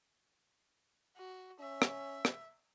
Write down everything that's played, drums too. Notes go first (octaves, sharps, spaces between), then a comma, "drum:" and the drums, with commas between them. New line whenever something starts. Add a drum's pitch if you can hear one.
F#4
C#4 E5
drum: rim click
drum: rim click